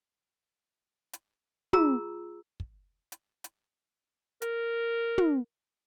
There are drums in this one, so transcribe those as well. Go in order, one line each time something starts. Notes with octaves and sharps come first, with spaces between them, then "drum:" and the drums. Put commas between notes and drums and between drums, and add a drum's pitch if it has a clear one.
drum: hi-hat
F4 G#4 A#5 E6, drum: tom
drum: kick
drum: hi-hat
drum: hi-hat
A#4, drum: hi-hat
drum: tom